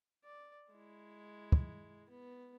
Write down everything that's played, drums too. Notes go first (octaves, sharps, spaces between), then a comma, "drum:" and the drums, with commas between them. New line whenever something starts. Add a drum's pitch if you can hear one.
D5
G#3 E4
drum: kick
B3